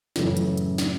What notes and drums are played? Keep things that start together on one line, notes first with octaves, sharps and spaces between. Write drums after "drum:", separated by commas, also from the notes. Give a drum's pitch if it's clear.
F#2 A2 C#3 E3, drum: snare
drum: hi-hat
drum: hi-hat
drum: snare